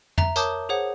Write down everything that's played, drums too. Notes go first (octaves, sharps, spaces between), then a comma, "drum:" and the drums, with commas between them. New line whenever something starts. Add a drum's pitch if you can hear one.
E5 A#5, drum: tom
A#4 C#5 A5 D6 D#6 G6, drum: tambourine
G#4 C5 C#5 F#5